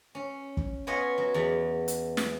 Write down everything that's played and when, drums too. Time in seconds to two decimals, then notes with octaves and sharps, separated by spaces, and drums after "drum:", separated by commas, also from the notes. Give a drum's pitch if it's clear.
0.15 C#4
0.57 drum: kick
0.87 B3 F4 C#5 D#5 F#5 G#5
1.18 F#3
1.34 E2 B5
1.88 drum: hi-hat
2.17 drum: snare